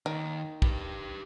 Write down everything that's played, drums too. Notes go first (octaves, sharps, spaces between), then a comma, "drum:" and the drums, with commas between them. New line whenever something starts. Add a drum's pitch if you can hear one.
D#2 D#3
G4 B4, drum: kick